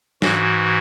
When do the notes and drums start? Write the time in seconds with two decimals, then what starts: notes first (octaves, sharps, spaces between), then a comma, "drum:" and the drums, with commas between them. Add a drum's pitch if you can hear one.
0.22 G#2 E3 F#4, drum: snare